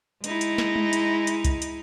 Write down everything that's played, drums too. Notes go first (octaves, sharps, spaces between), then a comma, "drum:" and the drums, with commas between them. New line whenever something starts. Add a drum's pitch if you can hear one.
G#3 D#4 E4, drum: hi-hat
drum: hi-hat
drum: snare
drum: tom G#3
drum: hi-hat
drum: hi-hat
drum: kick C2, hi-hat
drum: hi-hat